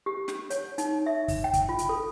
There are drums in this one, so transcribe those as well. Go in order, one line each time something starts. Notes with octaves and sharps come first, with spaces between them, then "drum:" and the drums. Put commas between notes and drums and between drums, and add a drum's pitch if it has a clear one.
G4
drum: snare
C#5, drum: hi-hat
D#4, drum: hi-hat
E5
drum: kick, open hi-hat
G5
drum: kick, hi-hat
F4
drum: hi-hat
A4